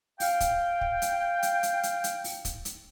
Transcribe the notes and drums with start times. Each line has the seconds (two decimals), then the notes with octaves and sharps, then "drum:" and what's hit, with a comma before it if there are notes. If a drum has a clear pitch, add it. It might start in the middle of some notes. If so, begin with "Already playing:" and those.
0.20 F5 G5, drum: open hi-hat
0.40 drum: kick, hi-hat
0.81 drum: kick
1.02 drum: hi-hat
1.43 drum: hi-hat
1.63 drum: hi-hat
1.83 drum: hi-hat
2.04 drum: hi-hat
2.24 drum: open hi-hat
2.45 drum: kick, hi-hat
2.65 drum: hi-hat